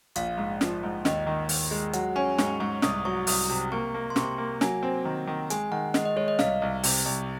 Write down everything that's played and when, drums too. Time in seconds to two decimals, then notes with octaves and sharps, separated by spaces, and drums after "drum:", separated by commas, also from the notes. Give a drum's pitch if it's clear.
0.16 A#1 F5, drum: hi-hat
0.38 G#2
0.61 F3, drum: snare
0.83 G#2
1.05 D#2 D#5, drum: snare
1.27 D#3
1.49 D#2, drum: open hi-hat
1.71 G#3
1.93 F#3 F#5, drum: hi-hat
2.16 C#4 G#5
2.38 G#2 C#6, drum: snare
2.60 G#2 C#6
2.82 C2 D#6, drum: snare
3.05 F#3 C#6
3.27 C2 D#6, drum: open hi-hat
3.50 C3
3.72 A#3 C#6
3.94 A#3
4.10 C6
4.16 C3 C#6, drum: snare
4.38 A#3
4.61 F#3 G#5, drum: snare
4.83 C4
5.05 D#3
5.27 D#3
5.50 G#3 G#5, drum: hi-hat
5.71 D#3 F#5
5.94 G#3 D#5, drum: snare
6.05 D#5
6.16 G#3 C#5
6.28 D#5
6.39 C2 F5, drum: snare
6.62 C2
6.84 C3, drum: open hi-hat
7.05 C2